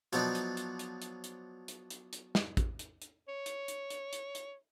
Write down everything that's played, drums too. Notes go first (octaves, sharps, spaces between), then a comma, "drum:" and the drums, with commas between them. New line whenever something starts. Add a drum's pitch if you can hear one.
F3 F#3 B3 D4 D#4, drum: hi-hat
drum: hi-hat
drum: hi-hat
drum: hi-hat
drum: hi-hat
drum: hi-hat
drum: hi-hat
drum: hi-hat
drum: hi-hat
drum: snare
drum: kick A1, hi-hat
drum: hi-hat
drum: hi-hat
C#5
drum: hi-hat
drum: hi-hat
drum: hi-hat
drum: hi-hat
drum: hi-hat